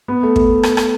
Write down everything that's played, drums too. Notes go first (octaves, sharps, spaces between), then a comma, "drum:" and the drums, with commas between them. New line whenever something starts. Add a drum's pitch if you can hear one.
B3
A3
A3, drum: kick
drum: rim click
drum: rim click